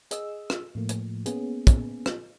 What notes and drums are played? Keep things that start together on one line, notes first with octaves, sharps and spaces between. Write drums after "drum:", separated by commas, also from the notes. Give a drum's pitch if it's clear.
G#4 D#5 E6, drum: hi-hat
drum: rim click
A2 F3 A3 A#3
drum: hi-hat
A#3 B3 C#4 G#4, drum: hi-hat
drum: kick, hi-hat
drum: rim click